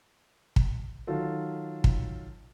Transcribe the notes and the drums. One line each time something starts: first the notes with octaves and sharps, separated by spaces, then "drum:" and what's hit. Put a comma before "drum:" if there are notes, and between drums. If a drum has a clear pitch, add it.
drum: kick
D#3 F#3 F4 A4
drum: kick